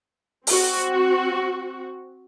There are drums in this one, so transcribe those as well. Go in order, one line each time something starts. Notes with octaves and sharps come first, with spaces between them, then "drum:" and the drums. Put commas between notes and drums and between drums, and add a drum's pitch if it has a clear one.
C4 F#4, drum: open hi-hat